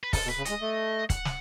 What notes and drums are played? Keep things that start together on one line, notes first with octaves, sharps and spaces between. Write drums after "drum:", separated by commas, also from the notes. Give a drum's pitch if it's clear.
B4
C#3 A4, drum: kick, open hi-hat
B2
B4
C#3
G#3 D#5, drum: hi-hat
A3
F#5, drum: kick, hi-hat
drum: snare